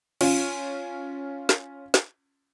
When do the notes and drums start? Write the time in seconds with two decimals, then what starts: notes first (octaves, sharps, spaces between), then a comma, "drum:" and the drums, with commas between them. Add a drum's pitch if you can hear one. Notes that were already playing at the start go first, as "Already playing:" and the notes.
0.21 C#4 F4, drum: cymbal
1.49 drum: snare
1.94 drum: snare